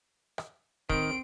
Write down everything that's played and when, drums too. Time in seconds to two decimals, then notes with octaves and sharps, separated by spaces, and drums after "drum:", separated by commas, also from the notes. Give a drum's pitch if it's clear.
0.38 drum: rim click
0.90 D#3 C4 D7, drum: kick